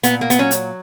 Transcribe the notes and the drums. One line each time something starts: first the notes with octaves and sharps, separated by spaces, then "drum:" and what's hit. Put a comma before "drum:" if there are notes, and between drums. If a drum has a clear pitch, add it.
A#2 B3, drum: hi-hat
A#3
B3, drum: hi-hat
F#3 C#4
drum: hi-hat